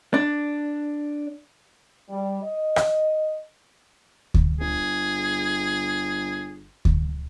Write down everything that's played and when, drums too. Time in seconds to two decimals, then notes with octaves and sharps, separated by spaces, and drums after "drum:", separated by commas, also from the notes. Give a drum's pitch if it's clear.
0.14 D4
2.10 G3
2.43 D#5
2.76 drum: rim click
4.34 drum: kick D2
4.60 G1 G#4
6.85 drum: kick D2